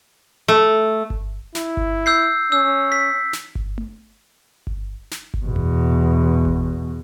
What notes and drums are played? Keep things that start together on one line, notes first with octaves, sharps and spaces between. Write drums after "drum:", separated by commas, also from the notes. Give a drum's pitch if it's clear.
A3
drum: kick G1
E4, drum: snare
drum: kick G1
E6 G6 C7
C#4 E6
B6
drum: snare
drum: kick G1
drum: tom A3
drum: kick G1
drum: snare
drum: kick G1
E2 B2
drum: tom F#2
drum: kick G1